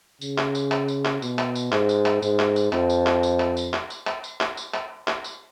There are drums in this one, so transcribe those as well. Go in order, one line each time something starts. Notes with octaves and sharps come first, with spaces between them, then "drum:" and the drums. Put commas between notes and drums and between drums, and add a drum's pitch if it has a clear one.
C#3, drum: tambourine
drum: clap
drum: tambourine
drum: clap
drum: tambourine
drum: clap
B2, drum: tambourine
drum: clap
drum: tambourine
G#2, drum: clap
drum: tambourine
drum: clap
G#2, drum: tambourine
drum: clap
drum: tambourine
F2, drum: clap
drum: tambourine
drum: clap
drum: tambourine
drum: clap
drum: tambourine
drum: clap
drum: tambourine
drum: clap
drum: tambourine
drum: clap
drum: tambourine
drum: clap
drum: clap
drum: tambourine